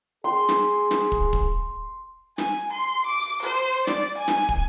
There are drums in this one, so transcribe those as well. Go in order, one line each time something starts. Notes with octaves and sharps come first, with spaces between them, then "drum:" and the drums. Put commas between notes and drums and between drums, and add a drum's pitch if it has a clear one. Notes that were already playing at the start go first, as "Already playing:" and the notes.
G#4 C6
drum: snare
drum: snare
drum: kick
drum: kick
G#5, drum: snare
C6
D6
C5
D5, drum: snare
G#5
drum: snare
drum: kick